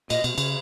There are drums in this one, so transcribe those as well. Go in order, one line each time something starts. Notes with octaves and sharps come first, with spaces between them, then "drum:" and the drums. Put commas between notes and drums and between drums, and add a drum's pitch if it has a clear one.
A#2 D#5, drum: cymbal
B2, drum: cymbal
C#3, drum: cymbal